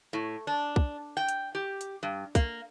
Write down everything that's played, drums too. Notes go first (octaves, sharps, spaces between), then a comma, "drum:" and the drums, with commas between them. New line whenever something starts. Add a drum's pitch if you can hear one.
A2
D4
drum: kick
G5
drum: hi-hat
G4
drum: hi-hat
G2
A#3, drum: kick, hi-hat